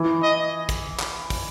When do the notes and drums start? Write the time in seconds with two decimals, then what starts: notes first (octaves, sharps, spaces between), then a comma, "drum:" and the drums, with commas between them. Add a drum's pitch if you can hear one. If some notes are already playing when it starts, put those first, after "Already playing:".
Already playing: E3
0.22 D#5
0.69 drum: kick, hi-hat
1.00 drum: clap
1.30 drum: kick, open hi-hat